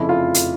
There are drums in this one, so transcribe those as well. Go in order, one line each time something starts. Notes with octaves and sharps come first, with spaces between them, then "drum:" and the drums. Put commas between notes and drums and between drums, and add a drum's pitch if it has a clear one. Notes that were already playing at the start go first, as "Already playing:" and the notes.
Already playing: F1 F2 C#3 E4
F4
drum: hi-hat